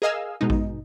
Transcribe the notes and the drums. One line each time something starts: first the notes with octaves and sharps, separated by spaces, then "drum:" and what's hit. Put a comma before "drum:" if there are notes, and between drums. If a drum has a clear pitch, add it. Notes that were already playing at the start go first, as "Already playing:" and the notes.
G#4 A#4 D#5 F5 G#5 E6
B2 G#3 D#4
drum: kick A1